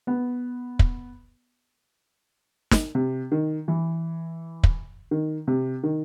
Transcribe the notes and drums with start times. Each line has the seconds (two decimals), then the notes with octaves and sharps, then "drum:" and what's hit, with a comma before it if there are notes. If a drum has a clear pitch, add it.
0.07 B3
0.79 drum: kick
2.71 drum: snare
2.95 C3
3.32 D#3
3.68 E3
4.63 drum: kick
5.11 D#3
5.48 C3
5.83 D#3